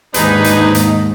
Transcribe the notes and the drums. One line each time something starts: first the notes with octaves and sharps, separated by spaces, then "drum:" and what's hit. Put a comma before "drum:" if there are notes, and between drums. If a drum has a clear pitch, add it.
D#2 G#2 D4 D#4 G#4 B4, drum: hi-hat
drum: hi-hat
drum: hi-hat